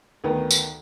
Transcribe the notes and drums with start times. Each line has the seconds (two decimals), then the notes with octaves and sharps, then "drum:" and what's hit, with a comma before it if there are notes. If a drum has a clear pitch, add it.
0.24 D2 D#3 B3
0.51 drum: tambourine